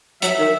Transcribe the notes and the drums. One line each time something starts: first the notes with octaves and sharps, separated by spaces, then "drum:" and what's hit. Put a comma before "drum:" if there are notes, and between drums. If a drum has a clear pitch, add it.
F#3 E5, drum: hi-hat
D#3